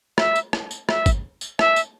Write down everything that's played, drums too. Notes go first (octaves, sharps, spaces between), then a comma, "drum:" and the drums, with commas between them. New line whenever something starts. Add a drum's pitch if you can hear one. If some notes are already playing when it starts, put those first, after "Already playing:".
E5, drum: rim click
drum: tambourine
drum: rim click
drum: tambourine
E5, drum: rim click
drum: kick G#1, tambourine
drum: tambourine
E5, drum: rim click
drum: tambourine